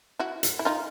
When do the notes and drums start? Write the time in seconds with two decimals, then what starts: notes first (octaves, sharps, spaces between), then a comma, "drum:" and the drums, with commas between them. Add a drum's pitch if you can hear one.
0.19 E4 F#4
0.43 drum: hi-hat
0.59 E4
0.65 D#4 F4